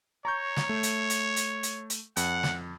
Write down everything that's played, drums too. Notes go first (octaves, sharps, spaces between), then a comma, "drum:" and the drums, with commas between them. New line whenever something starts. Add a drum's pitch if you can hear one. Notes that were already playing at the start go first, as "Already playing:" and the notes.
C#5 A#5 C#6 G6
drum: snare
A3
drum: hi-hat
drum: hi-hat
drum: hi-hat
drum: hi-hat
drum: hi-hat
F2 F#5, drum: hi-hat
drum: snare